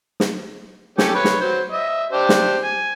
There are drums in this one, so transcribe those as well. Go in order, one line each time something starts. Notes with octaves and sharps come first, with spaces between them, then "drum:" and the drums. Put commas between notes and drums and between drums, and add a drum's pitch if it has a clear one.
drum: snare
C#4 G4 A4, drum: snare
B4 C#5
drum: snare
F#3 C5
D#5 E5
D4 G4 C5
drum: snare
G#5